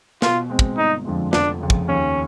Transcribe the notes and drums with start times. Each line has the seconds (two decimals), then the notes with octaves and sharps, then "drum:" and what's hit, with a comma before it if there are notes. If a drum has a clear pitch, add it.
0.22 B2 F4, drum: snare
0.50 G#3 C4
0.59 drum: kick
0.77 G1 D#4
1.05 F2 D3 F3 G#3
1.33 F1 D4, drum: snare
1.61 F2 C#3
1.70 drum: kick
1.88 D#2 C#4